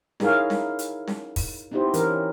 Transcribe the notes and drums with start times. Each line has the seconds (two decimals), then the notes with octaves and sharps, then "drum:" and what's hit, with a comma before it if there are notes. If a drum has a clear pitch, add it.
0.20 D#4 E4 G#4 A#4 C#5 F5, drum: snare C#4
0.50 drum: snare C#4
0.79 drum: hi-hat
1.07 drum: snare C#4
1.36 drum: kick, open hi-hat
1.71 B3 C4 D#4 E4 G4 C5
1.94 E3 C#4 A#4, drum: hi-hat